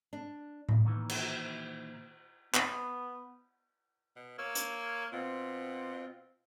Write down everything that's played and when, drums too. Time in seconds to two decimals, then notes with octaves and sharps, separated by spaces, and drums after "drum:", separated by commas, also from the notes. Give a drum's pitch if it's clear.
0.13 D4
0.69 drum: tom A2
0.85 A#2 D#3 E3
1.10 drum: cymbal
2.54 B3, drum: clap
4.16 B2
4.38 A#3 C#5 E6 F6
4.55 drum: hi-hat
5.12 B2 C4 F4